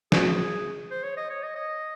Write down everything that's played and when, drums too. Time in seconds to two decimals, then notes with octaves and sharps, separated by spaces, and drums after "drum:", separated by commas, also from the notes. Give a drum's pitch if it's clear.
0.12 G#4, drum: snare
0.91 C5
1.03 C#5
1.17 D#5
1.30 C#5
1.43 D#5
1.56 D#5